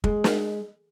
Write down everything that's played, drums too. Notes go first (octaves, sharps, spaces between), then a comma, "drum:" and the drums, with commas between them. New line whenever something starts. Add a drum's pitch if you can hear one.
G#3, drum: kick
drum: snare